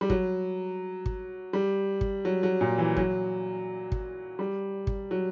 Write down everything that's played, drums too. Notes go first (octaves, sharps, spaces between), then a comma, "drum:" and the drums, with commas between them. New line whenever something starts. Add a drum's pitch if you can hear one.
G3
F#3, drum: kick
drum: kick
G3
drum: kick
F#3
F#3
A#2
E3
F#3, drum: kick
drum: kick
G3
drum: kick
F#3